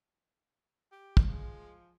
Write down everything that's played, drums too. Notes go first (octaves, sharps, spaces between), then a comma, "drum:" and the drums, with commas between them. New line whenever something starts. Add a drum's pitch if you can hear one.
G4
drum: kick
F3 G#3